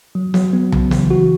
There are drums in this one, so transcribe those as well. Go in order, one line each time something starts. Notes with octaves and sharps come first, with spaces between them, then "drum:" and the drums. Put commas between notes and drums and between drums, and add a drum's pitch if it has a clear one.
F#3
F#3, drum: snare
B3
C#3, drum: tom B1
E3, drum: snare
F#4